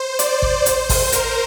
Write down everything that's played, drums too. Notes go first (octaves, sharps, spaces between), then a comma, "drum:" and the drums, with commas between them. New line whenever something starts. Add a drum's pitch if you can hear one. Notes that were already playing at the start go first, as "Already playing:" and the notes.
Already playing: C5
D5, drum: hi-hat
drum: kick
C5, drum: hi-hat
drum: kick, open hi-hat
A#4, drum: hi-hat